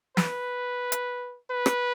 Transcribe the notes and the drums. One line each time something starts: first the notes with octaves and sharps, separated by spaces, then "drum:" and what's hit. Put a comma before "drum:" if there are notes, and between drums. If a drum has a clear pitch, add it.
B4, drum: snare
drum: hi-hat
B4
drum: rim click